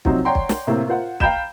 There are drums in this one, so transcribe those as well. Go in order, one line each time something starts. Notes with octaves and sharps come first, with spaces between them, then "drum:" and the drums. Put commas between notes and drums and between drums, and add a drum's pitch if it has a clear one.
C3 F3 F#3 C4 D#4 F#4, drum: kick
C#5 D5 F#5 G5 A#5 C6
drum: kick
drum: snare
A2 C3 A#3 C4
F4 A#4 C5 F#5
F5 G5 A#5 B5 G6 E7, drum: kick